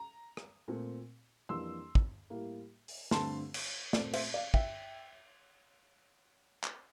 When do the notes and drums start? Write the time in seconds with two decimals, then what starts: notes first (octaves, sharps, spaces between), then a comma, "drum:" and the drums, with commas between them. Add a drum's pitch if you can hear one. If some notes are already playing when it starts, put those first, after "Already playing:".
Already playing: A#5
0.37 drum: rim click
0.68 A#2 A3 C4
1.49 F2 E3 G3 A#3 D4 C6 E6
1.95 drum: kick
2.30 A2 G3 A#3
2.88 drum: open hi-hat
3.11 G2 D3 A3 C4 A5 C6, drum: snare
3.54 drum: cymbal
3.93 A#2 A3 C4 D5, drum: snare
4.13 C5 E5, drum: cymbal
4.34 D5 F5
4.54 E5 G5, drum: kick
6.63 drum: clap